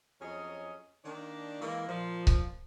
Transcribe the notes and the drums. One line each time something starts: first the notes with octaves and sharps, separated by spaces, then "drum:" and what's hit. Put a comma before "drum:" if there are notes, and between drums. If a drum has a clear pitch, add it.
F2 F#3 C#4 G#4 D#5
D#3 A#3 D4
E3 G#3 A#3
A#2 F3
drum: kick C#1